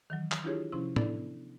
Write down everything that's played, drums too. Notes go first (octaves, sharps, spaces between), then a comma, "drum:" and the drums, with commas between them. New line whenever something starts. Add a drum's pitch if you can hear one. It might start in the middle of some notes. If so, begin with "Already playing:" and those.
D#3 E3 F#3
drum: clap
D4 E4 F4 G4 G#4 C#5
C3 F3 C#4 E4 C6
B3 D4 E4 A4 D5, drum: tom